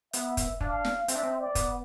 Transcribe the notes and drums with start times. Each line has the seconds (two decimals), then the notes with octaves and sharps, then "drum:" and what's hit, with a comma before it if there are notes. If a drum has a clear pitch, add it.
0.13 B3 E5, drum: hi-hat
0.37 drum: kick, hi-hat
0.61 D4 F5, drum: kick
0.85 drum: snare
1.08 C4 E5, drum: hi-hat
1.15 D4
1.23 C4
1.40 D5
1.55 B3, drum: kick, hi-hat